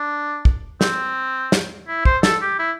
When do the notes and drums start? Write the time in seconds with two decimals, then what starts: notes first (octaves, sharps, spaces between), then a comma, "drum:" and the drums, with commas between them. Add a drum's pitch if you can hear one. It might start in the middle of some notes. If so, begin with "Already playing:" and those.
Already playing: D4
0.45 drum: kick
0.81 C4, drum: snare
1.52 drum: snare
1.88 E4
2.05 C5, drum: kick
2.23 A4, drum: snare
2.41 G4
2.59 E4